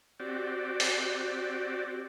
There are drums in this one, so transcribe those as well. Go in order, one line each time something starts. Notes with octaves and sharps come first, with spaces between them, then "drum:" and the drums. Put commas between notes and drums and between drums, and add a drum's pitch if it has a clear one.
C4 F#4 G4 D5
drum: open hi-hat